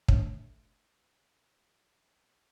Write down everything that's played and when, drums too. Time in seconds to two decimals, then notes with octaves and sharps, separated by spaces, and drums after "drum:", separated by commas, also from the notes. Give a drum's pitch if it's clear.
0.08 A3 D4 C#5, drum: kick